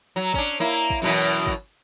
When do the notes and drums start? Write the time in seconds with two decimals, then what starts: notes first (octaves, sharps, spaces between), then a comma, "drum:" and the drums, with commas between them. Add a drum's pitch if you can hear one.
0.16 F#3
0.34 C#4 D4, drum: kick
0.60 A#3 E4
0.90 drum: kick
1.02 F#2 B2 E3
1.47 drum: kick